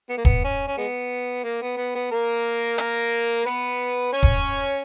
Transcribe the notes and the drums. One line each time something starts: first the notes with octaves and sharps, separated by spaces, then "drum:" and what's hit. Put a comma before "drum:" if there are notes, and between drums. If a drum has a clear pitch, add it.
B3
A#3
B3, drum: kick
C#4
C#4
G#3 B3
A#3
B3
B3
B3
A#3 A#4
A#3 A#4, drum: hi-hat
B3 B4
C#4 C#5
drum: kick